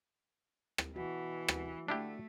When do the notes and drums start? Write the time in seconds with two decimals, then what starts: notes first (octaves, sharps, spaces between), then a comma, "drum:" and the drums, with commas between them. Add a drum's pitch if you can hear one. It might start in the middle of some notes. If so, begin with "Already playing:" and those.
0.78 drum: rim click
0.96 B2 E3 F#4
1.48 drum: rim click
1.88 D3 A3 D4 E4 G4